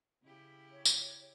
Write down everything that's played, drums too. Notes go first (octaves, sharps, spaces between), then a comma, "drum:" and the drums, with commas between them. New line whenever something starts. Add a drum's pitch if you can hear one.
C#3 E4 G4
C#5
drum: tambourine